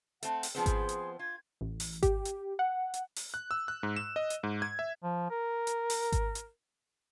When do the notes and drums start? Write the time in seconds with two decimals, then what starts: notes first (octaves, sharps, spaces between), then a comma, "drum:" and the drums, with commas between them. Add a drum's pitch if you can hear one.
0.23 A3 C4 F#5, drum: hi-hat
0.43 drum: open hi-hat
0.55 F3 B3 C4 G#4 C6
0.66 drum: kick G#1, hi-hat
0.89 drum: hi-hat
1.19 F4 G#6
1.61 A1
1.80 drum: open hi-hat
2.03 G4, drum: kick G#1, hi-hat
2.25 drum: hi-hat
2.59 F#5
2.94 drum: hi-hat
3.16 drum: open hi-hat
3.34 F#6
3.51 E6
3.68 F#6
3.83 G#2
3.96 E7
4.16 D#5
4.30 drum: hi-hat
4.43 G#2
4.62 G#6
4.79 E5
5.03 F3
5.30 A#4
5.67 drum: hi-hat
5.90 drum: open hi-hat
6.12 drum: kick G#1, hi-hat
6.35 drum: hi-hat